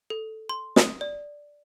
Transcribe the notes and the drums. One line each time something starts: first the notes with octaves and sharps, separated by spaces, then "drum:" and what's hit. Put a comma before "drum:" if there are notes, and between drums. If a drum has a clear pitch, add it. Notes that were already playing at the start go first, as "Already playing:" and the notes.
A4
C6
D#6, drum: snare
D5